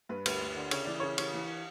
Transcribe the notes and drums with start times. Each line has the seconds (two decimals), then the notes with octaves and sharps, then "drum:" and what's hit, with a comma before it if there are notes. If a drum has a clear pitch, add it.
0.09 G2 B4
0.26 D2 B4, drum: cymbal
0.41 D2
0.56 D3
0.71 C#3 C#5, drum: cymbal
0.85 E3 D5
1.00 C#3 C#5
1.18 E3 C#5, drum: cymbal
1.34 E3